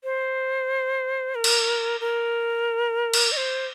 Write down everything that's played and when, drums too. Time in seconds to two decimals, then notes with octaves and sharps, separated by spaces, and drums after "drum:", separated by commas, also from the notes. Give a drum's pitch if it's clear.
0.04 C5
1.35 A#4
1.44 drum: cymbal
2.00 A#4
3.14 drum: cymbal
3.32 D#5
3.37 C5